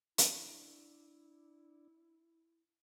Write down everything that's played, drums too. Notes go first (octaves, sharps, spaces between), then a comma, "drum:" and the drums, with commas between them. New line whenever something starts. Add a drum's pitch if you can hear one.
D4 E4, drum: hi-hat